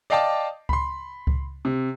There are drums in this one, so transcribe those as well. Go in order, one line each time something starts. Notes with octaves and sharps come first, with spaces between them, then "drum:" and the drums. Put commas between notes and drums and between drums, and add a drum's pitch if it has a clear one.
D5 D#5 F5 G5 A5 D6
B5 C6, drum: kick C#2
drum: kick C#2
C3